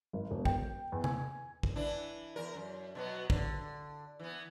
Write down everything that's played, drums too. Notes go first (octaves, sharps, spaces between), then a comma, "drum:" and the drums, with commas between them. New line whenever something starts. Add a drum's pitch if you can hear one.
G#1
E1
G5, drum: kick
E2
G#5, drum: tom C3
drum: kick
E3 D4 E4
E2 A#4
F#2
B2 F#3 B3
D3, drum: kick
E3 B3